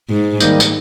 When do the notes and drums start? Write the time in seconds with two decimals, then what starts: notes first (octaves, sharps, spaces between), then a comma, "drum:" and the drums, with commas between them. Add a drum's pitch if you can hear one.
0.11 G#2
0.40 D#3 G3 A#3 D#4, drum: tambourine
0.60 drum: tambourine